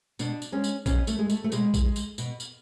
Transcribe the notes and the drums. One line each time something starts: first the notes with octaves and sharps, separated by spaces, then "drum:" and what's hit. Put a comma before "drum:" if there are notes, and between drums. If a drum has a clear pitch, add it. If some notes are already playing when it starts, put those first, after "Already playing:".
B2 D4, drum: tambourine
drum: tambourine
G#3 C#4
drum: tambourine
B2 C#4, drum: kick A#1, tambourine
A3, drum: tambourine
G#3
A3, drum: tambourine
A3
B2 G#3, drum: tambourine
drum: kick A#1, tambourine
G#3
drum: tambourine
B2, drum: tambourine
drum: tambourine